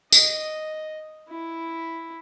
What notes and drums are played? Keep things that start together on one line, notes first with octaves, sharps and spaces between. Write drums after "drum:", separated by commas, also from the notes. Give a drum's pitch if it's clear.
D#5, drum: tambourine
E4